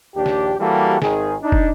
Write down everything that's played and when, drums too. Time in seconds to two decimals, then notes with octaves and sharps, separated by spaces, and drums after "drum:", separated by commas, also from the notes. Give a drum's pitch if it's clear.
0.15 A#1 D#2 D4 G4
0.26 drum: snare
0.60 E3 G3 A#3 F#4 G4 A4
1.02 G#1 D#3 G#4, drum: snare
1.42 D4 D#4
1.52 drum: kick